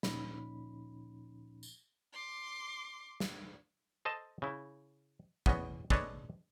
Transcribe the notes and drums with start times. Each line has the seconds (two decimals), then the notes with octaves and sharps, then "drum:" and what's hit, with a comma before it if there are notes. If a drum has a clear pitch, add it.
0.03 D2 A#2 F3 C#4 D#4 B5, drum: snare
1.63 drum: tambourine
2.13 C6 D6
3.20 drum: snare
4.05 A4 C5 D#5 A5
4.42 C#3 E4
5.46 E2 B3 C#4 D#5, drum: kick
5.90 G#3 D4 A4 B4 C#5 D#5, drum: kick